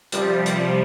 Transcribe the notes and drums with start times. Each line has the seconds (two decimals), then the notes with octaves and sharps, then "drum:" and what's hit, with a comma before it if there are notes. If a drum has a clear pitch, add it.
0.12 C3 F3 G3, drum: hi-hat
0.46 drum: hi-hat